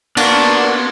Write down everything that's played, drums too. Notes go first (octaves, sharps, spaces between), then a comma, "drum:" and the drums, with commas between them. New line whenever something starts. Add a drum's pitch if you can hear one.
A#3 B3 D4 F#4, drum: cymbal